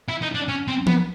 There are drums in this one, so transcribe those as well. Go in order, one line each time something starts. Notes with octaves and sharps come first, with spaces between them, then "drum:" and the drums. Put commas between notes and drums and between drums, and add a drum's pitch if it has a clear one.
E4
D#4
D4
C#4
C4
B3, drum: tom